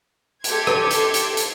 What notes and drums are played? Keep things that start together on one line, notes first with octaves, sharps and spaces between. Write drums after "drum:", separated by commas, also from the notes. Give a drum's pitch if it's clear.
G4 A4 C6 G#6, drum: hi-hat
drum: rim click
drum: hi-hat
drum: hi-hat
drum: hi-hat